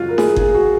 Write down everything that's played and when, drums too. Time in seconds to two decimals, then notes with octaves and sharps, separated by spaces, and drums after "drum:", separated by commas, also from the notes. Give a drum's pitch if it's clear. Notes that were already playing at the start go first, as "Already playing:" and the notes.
Already playing: F#2 C#3 G#3 F4 F#4
0.09 A#4
0.18 G#4, drum: snare D#4
0.36 G#4, drum: kick G1
0.55 F#4